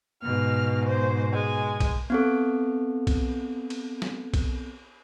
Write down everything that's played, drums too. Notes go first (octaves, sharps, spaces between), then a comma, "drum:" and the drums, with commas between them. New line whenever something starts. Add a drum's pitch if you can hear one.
G#2 B2 F6
C5
G#3 G#5
drum: kick B1, cymbal
B3 C4 A4
drum: kick B1, cymbal
drum: cymbal
drum: snare
drum: kick B1, cymbal